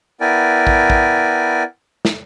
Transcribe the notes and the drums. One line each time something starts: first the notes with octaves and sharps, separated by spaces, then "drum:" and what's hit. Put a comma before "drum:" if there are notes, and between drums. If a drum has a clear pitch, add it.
B3 E4 A#4 D5 G5 G#5
drum: kick A1
drum: kick A1
drum: snare